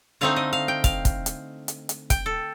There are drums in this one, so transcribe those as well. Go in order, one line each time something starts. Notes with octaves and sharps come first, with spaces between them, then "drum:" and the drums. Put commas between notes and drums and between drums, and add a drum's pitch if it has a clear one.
D3 A3 C4 D#4 F5
D#5
F5
G5
F5, drum: kick, hi-hat
drum: kick, hi-hat
drum: hi-hat
drum: hi-hat
drum: hi-hat
G5, drum: kick, hi-hat
A4